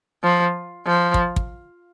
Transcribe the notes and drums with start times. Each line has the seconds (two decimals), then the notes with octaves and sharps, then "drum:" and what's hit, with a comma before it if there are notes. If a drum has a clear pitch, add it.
0.23 F3
0.87 F3
1.14 drum: kick
1.36 drum: kick